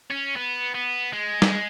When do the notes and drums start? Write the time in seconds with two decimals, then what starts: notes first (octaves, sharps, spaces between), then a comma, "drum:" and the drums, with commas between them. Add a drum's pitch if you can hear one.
0.11 C#4
0.36 B3
0.75 B3
1.13 G#3
1.42 drum: snare G3